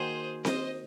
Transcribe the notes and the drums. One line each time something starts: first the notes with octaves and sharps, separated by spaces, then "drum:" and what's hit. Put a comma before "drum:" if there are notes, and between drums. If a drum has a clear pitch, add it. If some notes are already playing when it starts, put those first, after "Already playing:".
Already playing: D#3 A#3 D#4 F#4 G#4 C5
C5 D#5, drum: snare C4